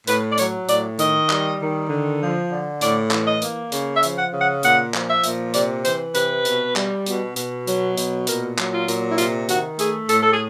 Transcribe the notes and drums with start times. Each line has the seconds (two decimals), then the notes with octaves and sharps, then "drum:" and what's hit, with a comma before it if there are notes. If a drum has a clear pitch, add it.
0.07 A2 B4, drum: hi-hat
0.31 D5
0.38 F#3 C#5, drum: hi-hat
0.69 A2 D5, drum: hi-hat
0.99 D#3 D#5, drum: hi-hat
1.30 G3, drum: clap
1.60 D#3
1.90 D3
2.21 F3
2.50 D3
2.81 A2 D5, drum: hi-hat
3.11 E3, drum: clap
3.26 D#5
3.42 A#3, drum: hi-hat
3.72 C#3, drum: hi-hat
3.94 E5
4.03 F3, drum: hi-hat
4.17 F#5
4.32 C#3
4.40 F#5
4.63 A#2 F#5, drum: hi-hat
4.94 F3, drum: clap
5.09 E5
5.24 A#2, drum: hi-hat
5.54 C3 D5, drum: hi-hat
5.85 E3 C5, drum: hi-hat
6.15 C3 B4, drum: hi-hat
6.45 B2, drum: hi-hat
6.76 G3, drum: clap
7.06 B2, drum: hi-hat
7.36 B2, drum: hi-hat
7.67 F#3, drum: hi-hat
7.98 B2, drum: hi-hat
8.27 A#2 A#4, drum: hi-hat
8.59 F#3, drum: clap
8.73 F4
8.88 A#2, drum: hi-hat
9.10 E4
9.18 C3 F4, drum: hi-hat
9.49 D#3 F#4, drum: hi-hat
9.79 A3 G#4, drum: hi-hat
10.09 A2 A4, drum: hi-hat
10.22 A4
10.32 G#4